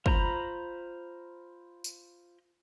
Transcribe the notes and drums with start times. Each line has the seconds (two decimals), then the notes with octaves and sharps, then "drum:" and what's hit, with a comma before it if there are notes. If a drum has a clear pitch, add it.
0.06 F4 C5 A#5 B5, drum: kick
1.84 drum: tambourine